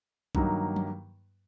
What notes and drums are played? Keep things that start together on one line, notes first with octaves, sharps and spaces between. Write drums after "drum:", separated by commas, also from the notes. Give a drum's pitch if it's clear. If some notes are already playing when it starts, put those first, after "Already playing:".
G2 D#3 F#3 A#3 D#4, drum: kick B1
drum: tom F3